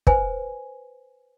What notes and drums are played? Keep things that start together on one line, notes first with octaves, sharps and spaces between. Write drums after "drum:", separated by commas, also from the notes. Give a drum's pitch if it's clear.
B4 C5 G#5, drum: kick